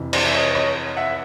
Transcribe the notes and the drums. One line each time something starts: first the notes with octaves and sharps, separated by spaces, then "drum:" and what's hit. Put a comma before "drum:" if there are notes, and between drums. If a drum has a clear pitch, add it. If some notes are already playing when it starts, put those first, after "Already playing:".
Already playing: F2 C3 E3
C5 D5, drum: cymbal
E5
C#5 D#5
C#5 D#5
E5 F#5